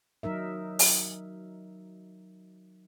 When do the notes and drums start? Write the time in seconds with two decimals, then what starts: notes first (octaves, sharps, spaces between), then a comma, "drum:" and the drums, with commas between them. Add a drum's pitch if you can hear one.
0.23 F#3 D#4 A#4 E5
0.79 drum: open hi-hat